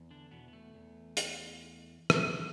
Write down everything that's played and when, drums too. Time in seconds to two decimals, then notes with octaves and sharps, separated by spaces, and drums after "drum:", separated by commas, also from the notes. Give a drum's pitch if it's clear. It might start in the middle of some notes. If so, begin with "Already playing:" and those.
Already playing: E2
0.11 D3 D4
0.31 E2 B2 B3
0.48 B3
0.53 A3
0.74 E2
1.17 E2, drum: hi-hat
2.10 drum: rim click